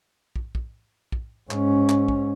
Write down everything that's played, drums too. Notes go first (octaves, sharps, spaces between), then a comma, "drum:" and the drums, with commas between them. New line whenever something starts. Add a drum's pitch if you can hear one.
drum: kick
drum: kick
drum: kick
G#2 C#4, drum: clap
drum: clap
drum: kick